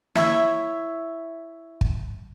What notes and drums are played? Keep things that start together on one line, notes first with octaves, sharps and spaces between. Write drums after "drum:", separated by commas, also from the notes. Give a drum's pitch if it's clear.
E4 C#5 E5, drum: snare
drum: kick